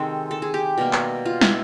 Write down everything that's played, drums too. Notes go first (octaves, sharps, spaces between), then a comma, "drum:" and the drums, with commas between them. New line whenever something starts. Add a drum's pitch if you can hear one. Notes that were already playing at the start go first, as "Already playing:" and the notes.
Already playing: C3 D#3 G#3 C4 A4 C5
A4
G#4
G4
B2 G3 A#3
drum: clap
F4
E4, drum: snare